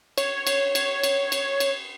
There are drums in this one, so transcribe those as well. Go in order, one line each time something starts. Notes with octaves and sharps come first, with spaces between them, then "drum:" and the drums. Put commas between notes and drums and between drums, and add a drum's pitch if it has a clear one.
C#5, drum: cymbal
drum: cymbal
drum: cymbal
drum: cymbal
drum: cymbal
drum: cymbal